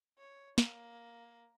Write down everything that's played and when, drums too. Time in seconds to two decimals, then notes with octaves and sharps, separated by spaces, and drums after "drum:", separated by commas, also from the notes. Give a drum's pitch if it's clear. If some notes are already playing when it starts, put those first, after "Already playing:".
0.18 C#5
0.58 A#3, drum: snare